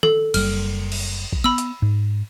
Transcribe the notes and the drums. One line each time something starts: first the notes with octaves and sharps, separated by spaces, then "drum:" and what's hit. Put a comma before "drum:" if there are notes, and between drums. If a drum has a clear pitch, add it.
A4, drum: tom D#3
F#1 G3 F6, drum: cymbal
drum: cymbal
drum: kick
B3 B5 E6
drum: hi-hat
G#2